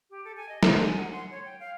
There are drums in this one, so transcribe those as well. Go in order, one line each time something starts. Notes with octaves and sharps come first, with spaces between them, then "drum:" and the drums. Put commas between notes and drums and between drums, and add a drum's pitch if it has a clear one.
G4
A4
G#5
D#5
C5, drum: snare
G#5
F#5
C6
C#5
G5
F5